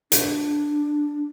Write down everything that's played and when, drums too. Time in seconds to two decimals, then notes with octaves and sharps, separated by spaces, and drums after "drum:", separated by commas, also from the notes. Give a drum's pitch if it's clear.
0.12 D4, drum: hi-hat